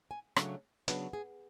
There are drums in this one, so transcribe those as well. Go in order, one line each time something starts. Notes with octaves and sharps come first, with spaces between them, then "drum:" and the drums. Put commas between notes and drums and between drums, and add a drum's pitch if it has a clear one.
G#5
C#3 F#3 A3 D4 C#5, drum: rim click
C#3 F#3 B3 D4 B4, drum: hi-hat
G#4